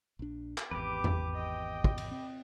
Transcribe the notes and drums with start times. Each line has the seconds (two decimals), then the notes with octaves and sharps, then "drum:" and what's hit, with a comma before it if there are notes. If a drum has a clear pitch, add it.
0.19 A#1 D4
0.58 drum: clap
0.71 G#1 E2 G4 B4 D6
1.04 drum: tom E2
1.34 D#5 G5
1.84 drum: kick
1.98 drum: cymbal
2.11 C4